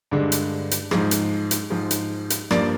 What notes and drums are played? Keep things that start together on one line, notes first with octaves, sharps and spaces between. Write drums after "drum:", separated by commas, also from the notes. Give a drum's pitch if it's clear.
G2 D3 G#3
drum: hi-hat
drum: hi-hat
G#2 F3 G#3, drum: rim click
drum: hi-hat
drum: hi-hat
G#2 F3 G#3
drum: hi-hat
drum: hi-hat
G2 F3 A#3 D5, drum: rim click